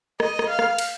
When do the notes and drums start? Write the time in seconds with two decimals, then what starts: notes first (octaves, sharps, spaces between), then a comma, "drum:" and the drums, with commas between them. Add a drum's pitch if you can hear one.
0.20 D#5, drum: rim click
0.39 drum: rim click
0.49 F5
0.59 drum: rim click
0.78 drum: cymbal